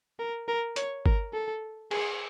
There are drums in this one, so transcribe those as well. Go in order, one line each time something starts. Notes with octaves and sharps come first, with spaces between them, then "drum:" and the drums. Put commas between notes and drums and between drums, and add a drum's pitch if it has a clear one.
A#4
A#4
C#5, drum: hi-hat
A#4, drum: kick G1
A4
G#4, drum: cymbal